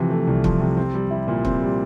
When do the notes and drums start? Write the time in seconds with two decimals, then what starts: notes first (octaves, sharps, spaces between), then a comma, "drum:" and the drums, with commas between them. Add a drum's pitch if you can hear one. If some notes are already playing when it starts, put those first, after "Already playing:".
Already playing: C3 E3 F3
0.10 A3
0.27 C2
0.44 F3, drum: kick
0.61 C3
0.77 C4
0.94 G3
1.11 E4
1.28 A#2
1.45 C4, drum: kick
1.62 G3